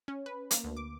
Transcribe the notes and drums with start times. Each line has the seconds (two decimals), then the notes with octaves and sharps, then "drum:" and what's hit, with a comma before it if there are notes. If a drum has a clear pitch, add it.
0.08 C#4
0.26 B4
0.51 A#3, drum: hi-hat
0.64 D2
0.77 D6